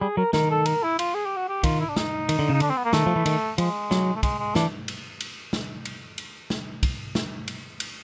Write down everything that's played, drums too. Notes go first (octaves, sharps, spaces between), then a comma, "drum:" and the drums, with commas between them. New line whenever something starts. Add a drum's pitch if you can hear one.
G3 G#4
F#3 A#4
D#3 A#4, drum: snare
A4
A#4, drum: cymbal
E4
F4, drum: cymbal
G#4
G4
F#4
G4
D#3 F4, drum: kick, cymbal
E4
D4
D#4, drum: snare
D#3, drum: cymbal
D3
C#3 D#4
D3 D4, drum: cymbal
C4
B3
A#3
D#3 A3, drum: snare
F3
E3
D#3, drum: cymbal
F3 G#3, drum: cymbal
F#3, drum: snare
A3
G#3, drum: kick, cymbal
G#3
E3 D4, drum: snare
drum: cymbal
drum: cymbal
drum: snare
drum: cymbal
drum: cymbal
drum: snare
drum: kick, cymbal
drum: snare
drum: cymbal
drum: cymbal